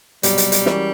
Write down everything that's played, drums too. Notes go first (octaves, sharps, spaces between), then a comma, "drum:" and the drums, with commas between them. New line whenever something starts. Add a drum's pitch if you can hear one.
C2 B2 F#3 G3, drum: hi-hat
drum: hi-hat
drum: hi-hat
E3 G#3 C#4 F#4 A#4, drum: snare